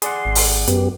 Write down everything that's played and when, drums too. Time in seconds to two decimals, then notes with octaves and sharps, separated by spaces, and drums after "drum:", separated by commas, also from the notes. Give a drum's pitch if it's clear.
0.02 G#4 D5 F#5 C6, drum: hi-hat
0.25 G#1
0.35 drum: open hi-hat
0.68 F#2 B3 G4, drum: hi-hat